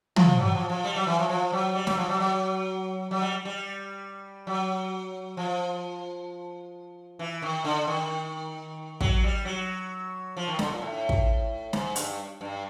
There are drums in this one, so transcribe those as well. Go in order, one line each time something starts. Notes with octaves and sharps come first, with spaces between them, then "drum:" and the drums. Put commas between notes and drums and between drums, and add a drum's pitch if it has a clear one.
F3, drum: tom
F#3
F3
F3
G3
F#3
E3
F3
F3
F#3
G3
F#3, drum: snare
F3
F#3
F#3
F#3
G3
G3
F#3
F3
E3
D#3
D3
D#3
F#3, drum: kick
G3
F#3
F3
D#3
D3, drum: snare
A#2
A2
drum: kick
G#2, drum: snare
G2, drum: hi-hat
G2